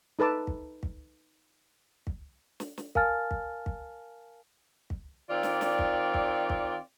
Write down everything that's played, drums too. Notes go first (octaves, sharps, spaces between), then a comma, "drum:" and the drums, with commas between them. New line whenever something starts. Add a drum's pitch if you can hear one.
D#4 A4 B4 A5 D6
drum: kick
drum: kick
drum: kick
drum: snare
drum: snare
A#4 F5 G#5 A5 F6 A6, drum: kick
drum: kick
drum: kick
drum: kick
D#3 C4 F4 D5
drum: snare
drum: snare
drum: kick
drum: kick
drum: kick